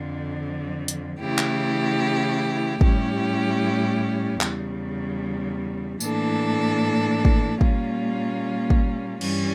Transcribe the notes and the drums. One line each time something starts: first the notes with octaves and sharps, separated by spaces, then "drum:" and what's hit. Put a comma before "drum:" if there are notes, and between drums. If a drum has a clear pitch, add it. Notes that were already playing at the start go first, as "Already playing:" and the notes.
Already playing: F2 D3 F3
drum: hi-hat
C#3 E3 A3 E4 G4
drum: clap
A2 G3 C#4 E4 G4, drum: kick
E2 C#3 G3, drum: clap
A2 E3 A#3 D4 A4, drum: tambourine
drum: kick
A#2 G3 A#3 C#4 F4, drum: kick
drum: kick
G2 E3 G3 C#4, drum: cymbal